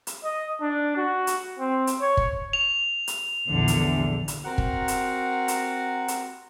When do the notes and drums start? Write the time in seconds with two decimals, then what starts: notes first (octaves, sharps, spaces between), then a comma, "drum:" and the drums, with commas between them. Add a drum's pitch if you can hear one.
0.07 drum: hi-hat
0.24 D#5
0.61 D4
0.97 F#4
1.27 drum: hi-hat
1.59 C4
1.87 drum: hi-hat
2.01 C#5
2.17 drum: kick
2.53 F7
3.08 drum: hi-hat
3.49 A#1 E2 D3
3.68 drum: hi-hat
4.28 drum: hi-hat
4.45 C4 F#4 A#4 F#5 A#5
4.58 drum: kick
4.88 drum: hi-hat
5.48 drum: hi-hat
6.08 drum: hi-hat